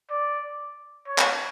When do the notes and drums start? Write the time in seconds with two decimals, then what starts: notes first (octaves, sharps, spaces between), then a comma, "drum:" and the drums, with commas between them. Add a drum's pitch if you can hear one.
0.10 D5
1.08 C#5
1.18 drum: clap